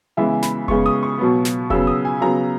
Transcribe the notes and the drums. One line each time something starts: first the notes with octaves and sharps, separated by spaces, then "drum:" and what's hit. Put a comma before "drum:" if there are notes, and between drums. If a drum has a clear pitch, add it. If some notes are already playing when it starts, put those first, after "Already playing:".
C#3 E3 G#3 B3 E5
B5, drum: snare
C#3 G#3 B3 C#6, drum: kick F1
D#6
C#6
B2 F#3 B3
drum: snare
C#3 F#3 B3 E6, drum: kick F1
D#6
G#5
C#3 F#3 B3 A#5